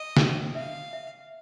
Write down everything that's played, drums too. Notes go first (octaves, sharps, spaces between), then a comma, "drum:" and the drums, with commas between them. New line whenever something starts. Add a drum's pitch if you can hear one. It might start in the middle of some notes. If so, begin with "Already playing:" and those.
Already playing: D#5
G5, drum: snare
E5 F5
E5